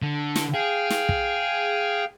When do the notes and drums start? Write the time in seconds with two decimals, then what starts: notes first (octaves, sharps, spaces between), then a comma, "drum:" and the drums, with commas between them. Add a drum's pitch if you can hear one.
0.02 D3
0.36 drum: snare
0.54 G#4 F5 G5
0.90 drum: snare
1.09 drum: kick